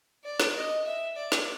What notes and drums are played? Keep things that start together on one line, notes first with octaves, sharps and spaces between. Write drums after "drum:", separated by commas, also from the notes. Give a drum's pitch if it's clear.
D5
drum: snare
D#5
E5
D5
drum: snare